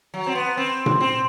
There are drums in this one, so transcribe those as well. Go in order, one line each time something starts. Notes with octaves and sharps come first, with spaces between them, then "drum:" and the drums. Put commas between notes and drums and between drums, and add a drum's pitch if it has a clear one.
F#3
C4
B3
C4
drum: tom A#2
C4